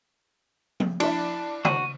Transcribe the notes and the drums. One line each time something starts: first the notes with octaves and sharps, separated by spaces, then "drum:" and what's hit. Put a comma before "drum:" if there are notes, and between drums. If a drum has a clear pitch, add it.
drum: tom F3
D4 E4 E5 A5, drum: cymbal
F#4 D#7, drum: tom